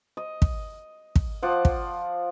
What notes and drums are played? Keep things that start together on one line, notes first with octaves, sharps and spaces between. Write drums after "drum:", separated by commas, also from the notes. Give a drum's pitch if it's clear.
D#5
drum: kick
drum: kick
F3 D5 F#5
drum: kick